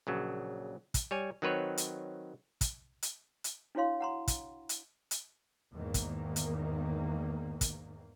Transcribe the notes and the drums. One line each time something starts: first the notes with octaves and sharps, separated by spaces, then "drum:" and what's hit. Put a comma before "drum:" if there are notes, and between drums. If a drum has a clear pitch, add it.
A#1 C#3 F#3
drum: kick, hi-hat
G3 C#5 G#5
D#3 F#3 C4 B4 C#5
drum: hi-hat
drum: kick, hi-hat
drum: hi-hat
drum: hi-hat
D4 E4 F#4 C#5 F5 C6
F#5 A#5 C6
drum: kick, hi-hat
drum: hi-hat
drum: hi-hat
E2 G#2 D#3 A#3
drum: kick, hi-hat
drum: hi-hat
drum: kick, hi-hat